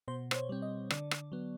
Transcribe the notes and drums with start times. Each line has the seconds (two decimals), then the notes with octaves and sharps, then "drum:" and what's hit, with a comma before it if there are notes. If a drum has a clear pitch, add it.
0.08 B2 C5
0.31 C5, drum: rim click
0.35 C#5
0.49 G3 C4
0.62 D#5
0.90 D3 D5, drum: rim click
1.11 drum: rim click
1.32 F#3 B3